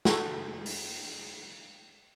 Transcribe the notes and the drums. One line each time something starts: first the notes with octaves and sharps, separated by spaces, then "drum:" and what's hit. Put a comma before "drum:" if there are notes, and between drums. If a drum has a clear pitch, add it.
F#4 A4, drum: snare
drum: open hi-hat